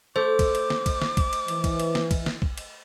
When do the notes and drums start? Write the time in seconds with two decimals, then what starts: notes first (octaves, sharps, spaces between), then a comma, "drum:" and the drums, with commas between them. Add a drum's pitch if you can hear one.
0.16 A3 C5 D6
0.39 drum: kick, cymbal
0.55 drum: cymbal
0.70 drum: snare
0.86 drum: kick, cymbal
1.02 drum: snare
1.17 drum: kick, cymbal
1.33 drum: cymbal
1.48 E3, drum: cymbal
1.64 drum: kick, cymbal
1.80 drum: cymbal
1.95 drum: snare
2.11 drum: kick, cymbal
2.26 drum: snare
2.42 drum: kick
2.58 drum: cymbal